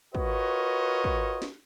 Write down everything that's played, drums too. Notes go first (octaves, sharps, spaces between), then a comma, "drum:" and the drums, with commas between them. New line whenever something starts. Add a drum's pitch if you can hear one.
F4 F#4 A#4 B4 C#5 D#5, drum: kick
drum: kick
drum: snare